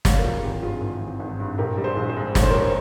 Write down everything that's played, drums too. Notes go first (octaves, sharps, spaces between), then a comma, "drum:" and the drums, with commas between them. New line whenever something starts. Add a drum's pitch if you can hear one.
G#1 C#5 F5, drum: snare
A#4
E3 F4 G#4
G#1 G4
G2 F4 G#4
G#1
E3
G#1
G2
A#1 G4 A#4
G3
G#4 C5
A#1
G#4 C5
G#2
A#1 C#5, drum: snare
C5
G3 A#4 C#5